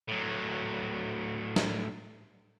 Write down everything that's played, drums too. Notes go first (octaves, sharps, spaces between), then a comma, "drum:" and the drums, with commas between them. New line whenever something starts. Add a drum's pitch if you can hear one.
A2 F#3
drum: snare